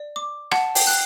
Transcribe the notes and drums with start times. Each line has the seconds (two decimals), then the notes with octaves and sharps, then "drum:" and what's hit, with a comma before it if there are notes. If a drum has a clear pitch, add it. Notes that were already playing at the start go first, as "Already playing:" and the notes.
Already playing: D5
0.16 D6
0.51 F#5 A5, drum: rim click
0.75 G5, drum: open hi-hat
0.87 F#6